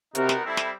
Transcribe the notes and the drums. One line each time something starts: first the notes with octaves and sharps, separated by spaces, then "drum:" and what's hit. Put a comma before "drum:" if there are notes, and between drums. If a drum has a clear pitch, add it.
C3 B3 D#4 F#4 A#4, drum: hi-hat
drum: snare
G3 C4 E4 A4
drum: snare